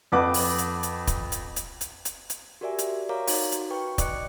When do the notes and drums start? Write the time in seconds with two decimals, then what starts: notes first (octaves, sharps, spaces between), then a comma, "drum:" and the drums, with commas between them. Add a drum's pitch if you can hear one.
0.12 F2 B4 F#5 D6
0.34 drum: open hi-hat
0.58 drum: hi-hat
0.83 drum: hi-hat
1.07 drum: kick, hi-hat
1.32 drum: hi-hat
1.56 drum: hi-hat
1.81 drum: hi-hat
2.05 drum: hi-hat
2.30 drum: hi-hat
2.61 F#4 G4 A#4 D5 E5 G#5
2.78 drum: hi-hat
3.09 A#4 C#5 F5 A#5 D6
3.27 D#4 F#4, drum: open hi-hat
3.52 drum: hi-hat
3.71 B4 G5 C#6
3.98 D5 D#5 D6 F#6 C#7, drum: kick, hi-hat